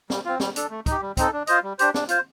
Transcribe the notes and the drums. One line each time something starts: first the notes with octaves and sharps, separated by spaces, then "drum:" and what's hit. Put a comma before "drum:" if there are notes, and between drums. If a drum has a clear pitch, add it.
G3, drum: snare
C4 F4
G3, drum: snare
D4 A4, drum: hi-hat
A3
D#4 G4, drum: kick, hi-hat
G3
C4 D#4 A4, drum: kick, hi-hat
D4
F4 C5 D#5, drum: hi-hat
G3
D4 G4 C5, drum: hi-hat
D4, drum: snare
F4 C5, drum: hi-hat